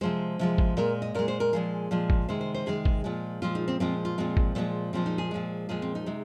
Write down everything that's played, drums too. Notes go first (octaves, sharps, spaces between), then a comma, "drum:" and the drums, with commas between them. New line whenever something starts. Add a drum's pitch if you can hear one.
C3 F3 G#3 C5
C3 F3 G#3
drum: kick
A#2 G#3 A#4
D#5
A#2 G#3 A#4
C5
A#4
A#2 F3 G#3 G#4
A#2 F3 G#3
drum: kick
C3 D#3 G#3 C5
C5
C5
C3 D#3 G#3 G#4
drum: kick
A#2 F3 G#3
A#2 F3 G#3 F4
D#4
C4
A#2 F3 G#3 C4
F4
A#2 F3 G#3 C4
drum: kick
A#2 F3 G#3 A#3
A#2 F3 G#3 C4
D#4
G#4
A#2 F3 G#3
A#2 F3 G#3 G#4
C4
D#4
C3 G#3